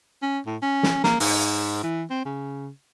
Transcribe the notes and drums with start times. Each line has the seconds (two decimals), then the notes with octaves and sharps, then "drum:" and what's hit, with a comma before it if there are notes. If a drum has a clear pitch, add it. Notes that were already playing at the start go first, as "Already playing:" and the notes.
0.22 C#4
0.47 A2
0.62 C#4
0.83 drum: snare
1.04 A#3, drum: snare
1.20 G#2, drum: open hi-hat
1.83 E3
2.10 C4
2.25 C#3